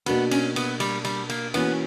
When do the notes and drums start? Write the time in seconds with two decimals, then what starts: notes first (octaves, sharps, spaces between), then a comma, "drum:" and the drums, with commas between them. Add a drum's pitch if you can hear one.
0.06 B2 A#3 B3 D4 F#4, drum: cymbal
0.31 C#4, drum: cymbal
0.56 B3, drum: cymbal
0.80 G3, drum: cymbal
1.04 G3, drum: cymbal
1.30 A#3, drum: cymbal
1.54 E3 A#3 B3 C#4 F#4, drum: cymbal